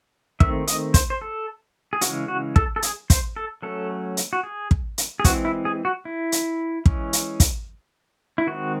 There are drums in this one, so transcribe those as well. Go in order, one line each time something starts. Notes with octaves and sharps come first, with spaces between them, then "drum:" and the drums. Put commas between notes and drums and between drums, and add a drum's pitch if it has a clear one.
D#3 A3 C4 E5, drum: kick
D#5, drum: hi-hat
C5, drum: kick, hi-hat
C5
A4
G#4
C#3 E3 G#3 C#4 F#4, drum: hi-hat
F#4
A4, drum: kick
A4
G#4, drum: hi-hat
C5, drum: kick, hi-hat
A4
F#3 A3 C#4 A4
drum: hi-hat
F#4
G#4
drum: kick
drum: hi-hat
G#4
E3 G#3 C4 F#4, drum: kick, hi-hat
E4
G#4
F#4
E4
drum: hi-hat
E3 G#3 C#4, drum: kick
drum: hi-hat
drum: kick, hi-hat
E4
D#3 G#3 C4 F#4